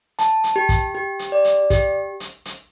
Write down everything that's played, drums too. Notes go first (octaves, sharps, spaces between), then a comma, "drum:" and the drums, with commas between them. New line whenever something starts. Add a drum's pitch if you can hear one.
A5, drum: hi-hat
drum: hi-hat
G4
drum: kick, hi-hat
G4
drum: hi-hat
D5
drum: hi-hat
G4, drum: kick, hi-hat
drum: hi-hat
drum: hi-hat